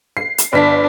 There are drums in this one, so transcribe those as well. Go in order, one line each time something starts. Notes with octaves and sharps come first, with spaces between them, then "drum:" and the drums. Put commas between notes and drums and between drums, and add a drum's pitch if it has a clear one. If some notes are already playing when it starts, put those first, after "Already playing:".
C7
drum: hi-hat
G1 D4 B6